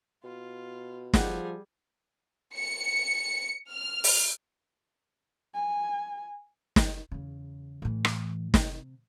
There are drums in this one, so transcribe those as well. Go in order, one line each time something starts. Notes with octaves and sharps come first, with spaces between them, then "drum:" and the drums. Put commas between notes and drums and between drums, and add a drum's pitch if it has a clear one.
B2 F4
F3 G3 G#4 F#5, drum: snare
C#7
F6
drum: open hi-hat
G#5
drum: snare
E2 C#3
A2 E3
drum: rim click
C3, drum: snare